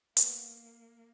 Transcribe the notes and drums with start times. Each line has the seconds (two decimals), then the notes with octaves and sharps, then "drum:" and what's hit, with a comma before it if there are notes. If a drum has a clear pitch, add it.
0.17 A#3 B3 F#4, drum: hi-hat